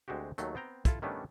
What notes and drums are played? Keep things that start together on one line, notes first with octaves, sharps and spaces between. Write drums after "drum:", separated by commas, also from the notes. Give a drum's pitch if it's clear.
D2 G#3 C4 F#4 G4
D#2 D#3 F#3 A3, drum: hi-hat
B3 C4 G5 A#5
E4 F4 A4, drum: kick, hi-hat
D#3 G3 A3 B3 C#4 D4